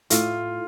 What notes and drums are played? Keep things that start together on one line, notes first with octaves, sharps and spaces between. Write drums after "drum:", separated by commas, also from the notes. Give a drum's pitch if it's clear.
A2 F4, drum: hi-hat